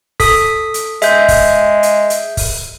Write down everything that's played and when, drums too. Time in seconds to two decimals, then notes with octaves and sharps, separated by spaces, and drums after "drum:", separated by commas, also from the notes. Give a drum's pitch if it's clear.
0.20 A4 D#6 B6, drum: kick, open hi-hat
0.74 drum: hi-hat
1.02 G#3 E5 G6, drum: hi-hat
1.28 drum: kick, open hi-hat
1.83 drum: hi-hat
2.10 drum: hi-hat
2.37 drum: kick, open hi-hat